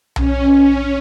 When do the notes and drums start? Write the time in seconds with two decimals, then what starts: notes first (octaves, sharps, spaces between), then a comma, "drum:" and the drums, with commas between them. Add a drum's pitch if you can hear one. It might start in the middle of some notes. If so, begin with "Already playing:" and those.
0.16 C#4, drum: tom B1